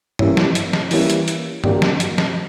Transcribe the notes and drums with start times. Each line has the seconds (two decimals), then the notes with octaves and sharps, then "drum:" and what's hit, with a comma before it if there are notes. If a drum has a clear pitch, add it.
0.19 E3 G3 A#3 C#4 E4, drum: tom
0.37 drum: snare
0.55 drum: hi-hat
0.73 drum: snare
0.91 E3 G3 A#3 C#4 E4, drum: open hi-hat
1.10 drum: hi-hat
1.28 drum: hi-hat
1.64 D3 F#3 A#3 D4 G4, drum: tom
1.82 drum: snare
2.00 drum: hi-hat
2.18 drum: snare